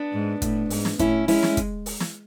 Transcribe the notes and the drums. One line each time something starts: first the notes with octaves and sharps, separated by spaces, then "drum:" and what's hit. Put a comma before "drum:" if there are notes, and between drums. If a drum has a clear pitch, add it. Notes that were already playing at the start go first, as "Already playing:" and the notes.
Already playing: B3 D4
G#2
A2, drum: kick, hi-hat
G#2, drum: open hi-hat
drum: snare
A2 C#4 E4, drum: kick, hi-hat
G#3 C#4 E4, drum: open hi-hat
drum: snare
drum: kick, hi-hat
drum: open hi-hat
drum: snare